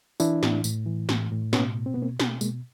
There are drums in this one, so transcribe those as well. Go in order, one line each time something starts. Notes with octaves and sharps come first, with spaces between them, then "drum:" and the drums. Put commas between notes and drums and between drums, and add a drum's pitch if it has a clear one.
E3 D4 E4, drum: tambourine
A2, drum: snare
A2, drum: tambourine
E3
A2, drum: snare
A2
B2 B3 C#4, drum: snare
B2
C4
B2 B3
A#3 C4
B2, drum: snare
B2 G#3 A#3, drum: tambourine